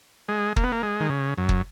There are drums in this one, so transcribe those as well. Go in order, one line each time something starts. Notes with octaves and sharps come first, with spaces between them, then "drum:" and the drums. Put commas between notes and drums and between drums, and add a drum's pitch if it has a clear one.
G#3
A#3, drum: kick
B3
A#3
G#3
D#3
C#3
F#2
drum: kick